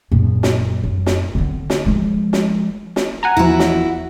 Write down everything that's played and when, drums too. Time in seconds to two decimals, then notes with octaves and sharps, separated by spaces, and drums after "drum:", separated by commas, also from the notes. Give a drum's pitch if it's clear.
0.12 A#1 F#2
0.43 drum: snare
0.84 F#2
1.06 drum: snare
1.35 D3 C4
1.70 drum: snare
1.85 F3 G#3
2.33 drum: snare
2.96 drum: snare
3.23 F#5 G#5 A#5
3.37 E2 F3 E4 F#4
3.59 drum: snare